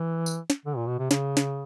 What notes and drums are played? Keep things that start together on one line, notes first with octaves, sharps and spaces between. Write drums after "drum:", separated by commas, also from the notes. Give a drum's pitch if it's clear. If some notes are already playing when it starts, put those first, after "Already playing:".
Already playing: E3
drum: tambourine
drum: snare
D3
A#2
B2
C3
C#3, drum: snare
drum: snare